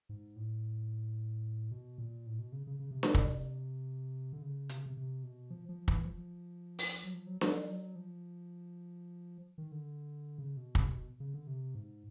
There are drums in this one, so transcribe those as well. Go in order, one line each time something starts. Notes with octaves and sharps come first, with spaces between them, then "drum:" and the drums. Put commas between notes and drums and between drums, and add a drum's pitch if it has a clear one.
G#2
A2
B2
A#2
A2
B2
C#3
C#3
C#3
C3
B2, drum: snare D4
C3, drum: kick
D3
C#3
C3, drum: hi-hat
C#3
C3
C3
B2
F3
F3
E3, drum: kick
F3
drum: open hi-hat
F#3
F3
F#3
F#3, drum: snare D4
F3
F#3
F3
D#3
D3
C#3
B2
C3, drum: kick
B2
C#3
D3
C3
G#2